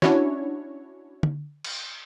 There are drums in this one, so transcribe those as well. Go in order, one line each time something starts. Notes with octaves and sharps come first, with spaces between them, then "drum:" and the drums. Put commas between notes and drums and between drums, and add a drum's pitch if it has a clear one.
C#4 D4 E4 F#4 C#5, drum: snare
drum: tom
drum: cymbal